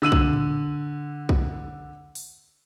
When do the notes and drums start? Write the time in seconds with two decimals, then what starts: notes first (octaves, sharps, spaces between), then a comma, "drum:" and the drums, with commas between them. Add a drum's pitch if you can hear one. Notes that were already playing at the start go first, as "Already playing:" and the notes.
0.02 D3 E6 D#7 F#7
0.12 drum: kick
0.33 drum: tom A2
1.29 drum: kick
2.15 drum: open hi-hat